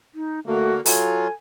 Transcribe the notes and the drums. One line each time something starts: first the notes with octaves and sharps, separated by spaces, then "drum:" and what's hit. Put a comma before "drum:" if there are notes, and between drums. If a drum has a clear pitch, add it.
D#4
D3 A3 A#3 F#4
F#3 F4 A4 G#5, drum: open hi-hat